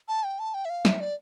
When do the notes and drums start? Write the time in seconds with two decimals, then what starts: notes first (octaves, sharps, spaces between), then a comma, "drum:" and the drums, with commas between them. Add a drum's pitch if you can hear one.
0.08 A5
0.24 G5
0.39 A5
0.54 G5
0.65 E5
0.70 F5
0.85 E5, drum: snare
1.00 D5